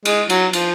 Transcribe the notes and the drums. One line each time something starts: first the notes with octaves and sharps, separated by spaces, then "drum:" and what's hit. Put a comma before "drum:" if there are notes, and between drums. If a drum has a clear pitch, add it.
G#3, drum: cymbal
F#3, drum: cymbal
F3, drum: cymbal